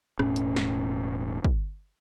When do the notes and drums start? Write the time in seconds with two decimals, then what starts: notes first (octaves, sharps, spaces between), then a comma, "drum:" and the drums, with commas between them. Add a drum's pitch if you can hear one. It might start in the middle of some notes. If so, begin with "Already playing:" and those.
0.19 E1 A2 C#4, drum: rim click
0.36 drum: hi-hat
0.56 drum: snare
1.44 drum: kick